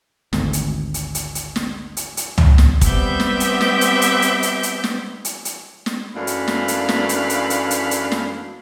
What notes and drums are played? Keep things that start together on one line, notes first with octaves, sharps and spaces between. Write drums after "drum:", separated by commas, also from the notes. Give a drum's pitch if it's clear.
G#1 D2, drum: snare
drum: hi-hat
drum: hi-hat
drum: hi-hat
drum: hi-hat
drum: snare
drum: hi-hat
drum: hi-hat
drum: tom C#2
drum: snare
G3 B3 C4 E5 D6 G6, drum: kick, hi-hat
drum: snare
drum: hi-hat
drum: snare
drum: hi-hat
drum: hi-hat
drum: hi-hat
drum: hi-hat
drum: hi-hat
drum: snare
drum: hi-hat
drum: hi-hat
drum: snare
F#2 E3 A3 D4 F5 B5
drum: hi-hat
drum: snare
drum: hi-hat
drum: snare
drum: hi-hat
drum: hi-hat
drum: hi-hat
drum: hi-hat
drum: hi-hat
drum: snare